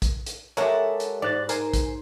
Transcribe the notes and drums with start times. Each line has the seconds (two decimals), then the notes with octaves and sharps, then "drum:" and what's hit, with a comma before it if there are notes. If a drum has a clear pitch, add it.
0.02 drum: kick, hi-hat
0.26 drum: hi-hat
0.57 G#3 G4 A4 A#4 C#5 E5 F#5
1.00 drum: hi-hat
1.22 G#2 D5 F#6 A6
1.49 A#4 C5 G#5, drum: hi-hat
1.74 drum: kick, hi-hat